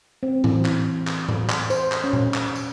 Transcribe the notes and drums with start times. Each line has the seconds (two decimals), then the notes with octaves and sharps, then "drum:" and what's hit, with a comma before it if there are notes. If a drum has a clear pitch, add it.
0.23 C4
0.44 E3, drum: tom A2
0.65 drum: clap
1.07 drum: clap
1.29 drum: tom A2
1.50 drum: clap
1.70 C5, drum: tambourine
1.92 drum: clap
2.04 C#4
2.13 drum: tom A#2
2.34 drum: clap
2.56 drum: tambourine